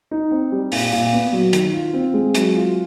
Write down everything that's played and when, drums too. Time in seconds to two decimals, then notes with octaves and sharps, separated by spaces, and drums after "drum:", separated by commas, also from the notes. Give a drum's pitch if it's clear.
0.11 D#4
0.31 C4
0.52 G3
0.72 A#2, drum: open hi-hat
0.93 A#2
1.13 B3
1.33 F#3
1.53 D#3, drum: hi-hat
1.73 F4
1.94 C4
2.14 G#3
2.34 F#3, drum: hi-hat
2.54 F4